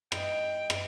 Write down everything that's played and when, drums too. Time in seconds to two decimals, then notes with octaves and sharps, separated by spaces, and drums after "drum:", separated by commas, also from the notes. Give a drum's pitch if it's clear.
0.12 G#3 D#4 E4 G5, drum: rim click
0.70 drum: rim click